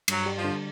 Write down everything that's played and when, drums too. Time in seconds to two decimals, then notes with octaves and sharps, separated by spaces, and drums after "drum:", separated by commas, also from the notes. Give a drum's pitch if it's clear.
0.08 G2 F#3, drum: cymbal
0.26 G3
0.36 F3
0.44 D3